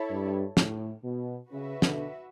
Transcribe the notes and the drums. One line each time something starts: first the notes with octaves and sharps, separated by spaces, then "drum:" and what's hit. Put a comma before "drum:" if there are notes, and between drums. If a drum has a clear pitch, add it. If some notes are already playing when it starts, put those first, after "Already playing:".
Already playing: E4 A4 C#5
G2
A2, drum: snare
B2
C#3 F#4 B4 E5
B2 D3, drum: snare